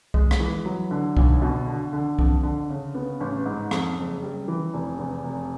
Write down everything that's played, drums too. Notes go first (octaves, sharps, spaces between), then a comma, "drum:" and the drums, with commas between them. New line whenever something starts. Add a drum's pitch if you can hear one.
G#3, drum: kick C2
drum: rim click
E3
F#3
D3
B1, drum: kick C2
B2
D3
D3
F2, drum: kick C2
D3
C#3
B3
A1
G#2
F2, drum: rim click
F#1
G3
E3
F1
E2
F1